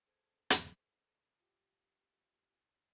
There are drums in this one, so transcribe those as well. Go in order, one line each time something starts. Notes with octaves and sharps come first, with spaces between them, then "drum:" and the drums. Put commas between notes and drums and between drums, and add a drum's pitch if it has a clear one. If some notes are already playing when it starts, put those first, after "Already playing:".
G#4 A4 C5 A5 G#6
drum: hi-hat
F4 G4